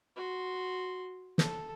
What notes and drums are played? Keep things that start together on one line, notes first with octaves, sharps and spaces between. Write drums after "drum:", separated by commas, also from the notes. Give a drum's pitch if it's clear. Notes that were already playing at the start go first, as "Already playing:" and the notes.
F#4 C6
A4, drum: snare